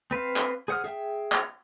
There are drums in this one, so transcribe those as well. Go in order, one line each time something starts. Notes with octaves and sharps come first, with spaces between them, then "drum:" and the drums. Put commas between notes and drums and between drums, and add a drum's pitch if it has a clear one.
C4 B4 C5 F5
drum: clap
G#4 C5 F#5 D#6 F6
G#4 E5 G5, drum: hi-hat
drum: clap